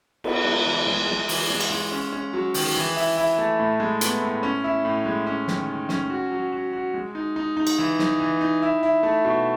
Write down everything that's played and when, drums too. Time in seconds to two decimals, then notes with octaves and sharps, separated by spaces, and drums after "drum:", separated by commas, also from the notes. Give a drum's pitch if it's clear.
0.24 B3, drum: cymbal
0.45 G#3
0.66 E3
0.87 G#3
1.08 G#3
1.29 E3, drum: open hi-hat
1.50 G#3
1.61 drum: cymbal
1.70 G#3
1.92 C#4
2.13 C#4
2.33 F#3
2.54 D#3, drum: open hi-hat
2.76 E3
2.96 E4
3.17 E4
3.38 A3
3.60 A2
3.80 G#3
4.01 B3, drum: hi-hat
4.22 A2
4.43 C#4
4.64 E4
4.85 A2
5.06 G#3
5.27 C#4
5.48 D#3, drum: snare
5.69 D#3
5.89 C#4, drum: snare
6.10 F#4
6.31 F#3
6.52 F#4
6.73 F#4
6.94 G#3
7.15 D#4
7.36 D#4
7.57 D#4
7.67 drum: cymbal
7.78 E3
7.99 D#4, drum: snare
8.20 E3
8.41 D#4
8.62 E4
8.83 E4
9.03 A3
9.25 B2